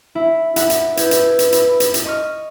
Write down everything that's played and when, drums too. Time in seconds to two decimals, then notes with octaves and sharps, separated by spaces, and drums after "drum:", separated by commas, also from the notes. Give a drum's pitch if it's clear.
0.15 E4
0.56 E4 F#5, drum: hi-hat
0.70 drum: hi-hat
0.97 E4 B4 G6 G#6, drum: hi-hat
1.11 drum: hi-hat
1.39 drum: hi-hat
1.52 drum: hi-hat
1.80 drum: hi-hat
1.94 drum: hi-hat
2.05 D#5 C#6 F6